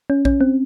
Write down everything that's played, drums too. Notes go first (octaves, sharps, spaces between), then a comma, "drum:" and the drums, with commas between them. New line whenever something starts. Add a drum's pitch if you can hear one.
C#4
C#4, drum: kick A#1
C4